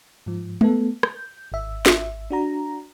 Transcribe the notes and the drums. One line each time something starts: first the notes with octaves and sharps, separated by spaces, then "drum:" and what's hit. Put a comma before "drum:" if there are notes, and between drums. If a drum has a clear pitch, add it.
G#2 F3
A3 B3 A4, drum: tom G#3
G6, drum: rim click
G#1 E5
drum: snare
D4 F#4 A#5